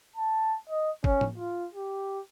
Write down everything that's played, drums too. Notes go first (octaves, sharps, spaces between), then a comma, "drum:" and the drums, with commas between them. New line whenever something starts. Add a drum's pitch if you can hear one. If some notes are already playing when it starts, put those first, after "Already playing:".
A5
D#5
C#4, drum: kick G1
drum: tom A2
F4
G4